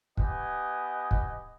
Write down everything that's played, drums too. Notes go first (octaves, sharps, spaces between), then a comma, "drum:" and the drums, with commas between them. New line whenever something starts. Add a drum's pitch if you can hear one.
B3 G4 D#5 G#5, drum: kick
drum: kick